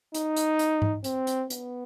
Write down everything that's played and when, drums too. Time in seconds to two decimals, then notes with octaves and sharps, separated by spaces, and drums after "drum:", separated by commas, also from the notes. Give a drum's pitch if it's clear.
0.14 D#4, drum: hi-hat
0.37 drum: hi-hat
0.59 drum: hi-hat
0.82 drum: tom G#2
1.04 C4, drum: hi-hat
1.27 drum: hi-hat
1.50 B3, drum: hi-hat